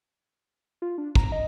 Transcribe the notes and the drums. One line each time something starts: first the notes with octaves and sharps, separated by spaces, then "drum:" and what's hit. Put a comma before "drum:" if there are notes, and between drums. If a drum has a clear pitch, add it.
F4
D4
A#5, drum: kick
D#5